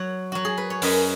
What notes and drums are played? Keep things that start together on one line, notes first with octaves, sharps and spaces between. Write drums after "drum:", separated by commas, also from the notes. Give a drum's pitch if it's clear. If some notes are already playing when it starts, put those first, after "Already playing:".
Already playing: F#3 C#5 F#5
F#3 F#4
G#4
B4
C#5
F#2 B4 D#5, drum: open hi-hat